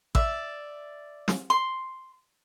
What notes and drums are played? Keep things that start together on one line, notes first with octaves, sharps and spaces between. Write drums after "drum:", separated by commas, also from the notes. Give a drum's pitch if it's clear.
D5 E5, drum: kick
drum: snare
C6